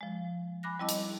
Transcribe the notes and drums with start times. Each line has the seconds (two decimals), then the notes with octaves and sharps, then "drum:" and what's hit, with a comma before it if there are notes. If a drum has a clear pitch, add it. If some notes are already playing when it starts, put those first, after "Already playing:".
0.01 F3 G#3
0.63 G#5 B5 D6 F#6 A#6
0.79 G3 C4 E4 D#5 A5 D6
0.89 drum: hi-hat